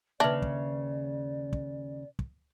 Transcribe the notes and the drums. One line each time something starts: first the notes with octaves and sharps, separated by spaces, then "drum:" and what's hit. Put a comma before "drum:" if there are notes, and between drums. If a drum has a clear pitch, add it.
D#2 C#3 D4 B4 D5 E5
drum: kick
drum: kick
drum: kick